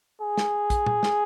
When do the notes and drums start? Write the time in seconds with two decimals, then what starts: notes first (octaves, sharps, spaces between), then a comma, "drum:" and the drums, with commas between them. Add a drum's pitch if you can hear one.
0.21 G#4
0.37 drum: snare
0.70 drum: kick, hi-hat
0.86 drum: tom
1.03 drum: snare